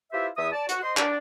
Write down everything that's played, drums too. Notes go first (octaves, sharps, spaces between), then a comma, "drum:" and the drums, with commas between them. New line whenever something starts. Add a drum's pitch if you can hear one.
E4 F4 G4 B4 C5 E5
E2 E5 D#6
D5 A5
F#4, drum: hi-hat
C5 D#5 C6
D4, drum: clap